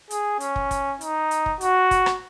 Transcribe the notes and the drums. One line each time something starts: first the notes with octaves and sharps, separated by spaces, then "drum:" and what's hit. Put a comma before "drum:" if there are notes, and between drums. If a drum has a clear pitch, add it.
G#4, drum: hi-hat
C#4, drum: hi-hat
drum: kick
drum: kick, hi-hat
D#4, drum: hi-hat
drum: hi-hat
drum: kick
F#4, drum: hi-hat
drum: kick, hi-hat
drum: rim click